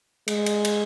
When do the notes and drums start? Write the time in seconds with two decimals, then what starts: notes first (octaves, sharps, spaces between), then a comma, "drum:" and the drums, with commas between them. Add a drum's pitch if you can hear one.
0.28 G#3, drum: cymbal
0.46 drum: cymbal
0.64 drum: cymbal